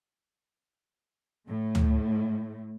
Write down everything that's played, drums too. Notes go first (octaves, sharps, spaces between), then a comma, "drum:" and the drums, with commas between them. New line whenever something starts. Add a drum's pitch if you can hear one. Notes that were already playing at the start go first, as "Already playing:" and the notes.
A2 A3
drum: tom D2